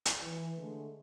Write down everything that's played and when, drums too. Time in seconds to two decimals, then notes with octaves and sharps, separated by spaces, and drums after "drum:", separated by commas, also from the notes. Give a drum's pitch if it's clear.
0.05 drum: hi-hat
0.22 E3
0.58 D3 G#3 A3